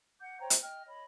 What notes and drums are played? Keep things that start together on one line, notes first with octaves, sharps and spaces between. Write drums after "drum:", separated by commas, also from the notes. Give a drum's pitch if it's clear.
F#5 D6 G6
C5 C#5 G5 A#5
drum: hi-hat
D#5 G5 F6
C#5 D#5 B5